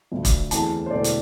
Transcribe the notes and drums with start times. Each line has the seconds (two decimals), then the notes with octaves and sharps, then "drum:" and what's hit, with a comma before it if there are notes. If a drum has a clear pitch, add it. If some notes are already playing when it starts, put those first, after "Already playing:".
0.11 D2 D3 F3
0.25 drum: kick E1, hi-hat
0.51 E2 E3 A3 C4 A5, drum: hi-hat
0.86 C5
0.91 E1 E2 D3 A3 D5
1.04 drum: hi-hat